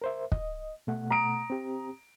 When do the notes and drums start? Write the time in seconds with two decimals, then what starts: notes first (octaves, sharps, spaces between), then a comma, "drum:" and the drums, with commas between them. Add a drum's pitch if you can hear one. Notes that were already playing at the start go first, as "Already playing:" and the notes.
0.02 A#4 C5 E5
0.32 D#5, drum: kick
0.87 B2 A3 F#5
1.10 A#5 D#6 D7
1.50 C4 G4